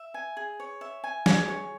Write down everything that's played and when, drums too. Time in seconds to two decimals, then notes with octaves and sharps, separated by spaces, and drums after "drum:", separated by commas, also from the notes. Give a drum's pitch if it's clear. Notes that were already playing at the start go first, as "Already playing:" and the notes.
Already playing: E5
0.14 G#5
0.37 G#4
0.60 C#5
0.81 E5
1.04 G#5
1.26 G#4, drum: snare
1.48 C#5